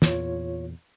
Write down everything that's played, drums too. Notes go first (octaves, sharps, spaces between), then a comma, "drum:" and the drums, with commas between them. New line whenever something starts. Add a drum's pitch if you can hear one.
E2 A#2 F4 C#5, drum: snare